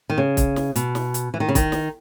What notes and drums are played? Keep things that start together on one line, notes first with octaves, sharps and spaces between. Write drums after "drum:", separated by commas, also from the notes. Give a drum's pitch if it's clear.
D#3
C#3
drum: kick, hi-hat
drum: snare
B2, drum: hi-hat
drum: snare
drum: hi-hat
E3
D#3
C#3
D#3, drum: kick, hi-hat
drum: snare